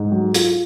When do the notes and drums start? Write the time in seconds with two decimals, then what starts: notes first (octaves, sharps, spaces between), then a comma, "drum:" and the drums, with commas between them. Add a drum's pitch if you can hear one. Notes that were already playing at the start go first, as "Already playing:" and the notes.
Already playing: G#2
0.11 F#3
0.34 F4, drum: hi-hat